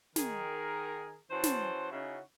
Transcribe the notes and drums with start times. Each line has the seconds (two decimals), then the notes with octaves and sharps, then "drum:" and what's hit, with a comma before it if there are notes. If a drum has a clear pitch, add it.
0.16 D#3 G#4 A#4, drum: snare
1.31 E3 C#4 F#4 C5 A5 C6
1.43 drum: snare
1.92 C#3 C#4 D#4 E4 F#4